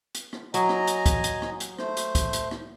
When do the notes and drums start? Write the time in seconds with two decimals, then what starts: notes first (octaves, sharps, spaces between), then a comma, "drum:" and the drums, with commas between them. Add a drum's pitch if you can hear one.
0.15 drum: hi-hat
0.33 drum: rim click
0.54 F#3 D#5 G#5 A#5, drum: hi-hat
0.69 drum: rim click
0.87 drum: hi-hat
1.06 drum: kick, hi-hat
1.24 drum: hi-hat
1.42 drum: rim click
1.60 drum: hi-hat
1.79 A3 C5, drum: rim click
1.97 drum: hi-hat
2.15 drum: kick, hi-hat
2.33 drum: hi-hat
2.51 drum: rim click